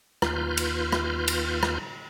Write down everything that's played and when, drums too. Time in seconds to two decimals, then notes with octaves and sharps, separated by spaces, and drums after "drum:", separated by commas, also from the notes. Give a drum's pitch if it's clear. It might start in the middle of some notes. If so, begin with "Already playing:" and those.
0.22 D#2 F4 B4 F6 G6, drum: rim click
0.57 drum: cymbal
0.92 drum: rim click
1.28 drum: cymbal
1.63 drum: rim click